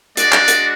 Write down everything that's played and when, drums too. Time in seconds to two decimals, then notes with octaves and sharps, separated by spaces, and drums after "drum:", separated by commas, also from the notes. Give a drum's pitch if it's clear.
0.17 G#3 D4 F#4 D5, drum: hi-hat
0.32 drum: clap
0.48 drum: hi-hat